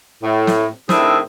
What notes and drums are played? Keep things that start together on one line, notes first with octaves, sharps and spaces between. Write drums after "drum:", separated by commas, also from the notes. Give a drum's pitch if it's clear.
A2
drum: snare
A2 D#3 C4 D4 E4 G#4, drum: snare